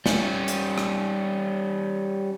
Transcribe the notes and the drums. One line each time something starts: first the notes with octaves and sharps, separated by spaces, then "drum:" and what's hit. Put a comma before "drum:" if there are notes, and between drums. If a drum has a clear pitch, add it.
G3 C#4, drum: snare
drum: hi-hat
drum: rim click